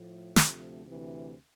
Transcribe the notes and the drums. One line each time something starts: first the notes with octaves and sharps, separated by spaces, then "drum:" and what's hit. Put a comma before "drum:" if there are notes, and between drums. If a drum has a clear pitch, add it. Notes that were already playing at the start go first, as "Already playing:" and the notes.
Already playing: A2 F3 A3
D2 C3 F3, drum: snare
D2 C3 E3